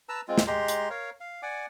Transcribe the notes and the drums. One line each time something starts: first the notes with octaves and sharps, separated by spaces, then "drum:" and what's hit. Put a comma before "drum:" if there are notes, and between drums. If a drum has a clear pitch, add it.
B4 A5 A#5 E6
G#3 C4 F4
drum: snare
G#3 G4 A#5 C6
drum: hi-hat
A#4 C#5 F5
F5
D5 F#5 G#5 D6